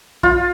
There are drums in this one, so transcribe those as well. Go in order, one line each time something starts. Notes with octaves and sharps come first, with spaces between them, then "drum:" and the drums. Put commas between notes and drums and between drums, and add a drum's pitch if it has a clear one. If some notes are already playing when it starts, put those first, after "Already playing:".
F4, drum: kick